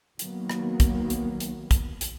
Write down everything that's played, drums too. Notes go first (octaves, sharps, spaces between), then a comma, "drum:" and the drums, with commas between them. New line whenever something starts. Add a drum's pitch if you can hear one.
D#3 F#3 A#3 B3, drum: hi-hat
drum: rim click
drum: kick, hi-hat
drum: hi-hat
drum: hi-hat
drum: kick, hi-hat
drum: hi-hat